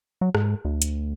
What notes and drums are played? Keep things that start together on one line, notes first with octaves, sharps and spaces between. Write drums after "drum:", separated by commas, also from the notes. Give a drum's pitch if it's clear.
F#3
G#2, drum: rim click
D2
drum: hi-hat